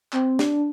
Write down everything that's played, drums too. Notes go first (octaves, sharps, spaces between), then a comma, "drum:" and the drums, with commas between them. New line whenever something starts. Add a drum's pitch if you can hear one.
C4, drum: clap
D4, drum: snare